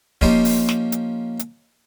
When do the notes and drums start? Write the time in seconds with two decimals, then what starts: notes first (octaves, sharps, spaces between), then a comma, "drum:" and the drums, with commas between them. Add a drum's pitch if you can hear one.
0.21 F3 A#3 C#4 D#4 G4 C5, drum: kick
0.45 drum: open hi-hat
0.69 drum: snare
0.92 drum: hi-hat
1.39 drum: hi-hat